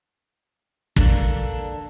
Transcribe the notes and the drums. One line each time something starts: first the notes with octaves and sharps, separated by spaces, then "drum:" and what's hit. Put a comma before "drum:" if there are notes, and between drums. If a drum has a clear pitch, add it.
A#3 D4 A4, drum: kick